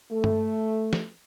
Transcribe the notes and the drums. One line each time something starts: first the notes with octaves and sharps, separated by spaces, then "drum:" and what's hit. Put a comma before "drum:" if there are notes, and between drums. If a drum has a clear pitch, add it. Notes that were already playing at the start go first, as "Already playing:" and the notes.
A3
drum: tom G2
drum: snare